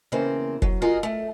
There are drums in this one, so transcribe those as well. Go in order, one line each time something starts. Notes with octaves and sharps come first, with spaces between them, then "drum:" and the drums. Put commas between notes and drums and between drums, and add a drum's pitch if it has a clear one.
E2 C#3 A#3 C4 C5
F#3, drum: kick F1
F4 F#4 G#4 A#4 D#5
A3